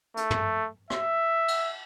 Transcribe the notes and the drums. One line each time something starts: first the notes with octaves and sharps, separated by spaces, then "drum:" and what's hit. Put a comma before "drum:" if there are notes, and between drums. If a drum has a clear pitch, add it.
A3, drum: hi-hat
drum: tom
E5, drum: rim click
drum: cymbal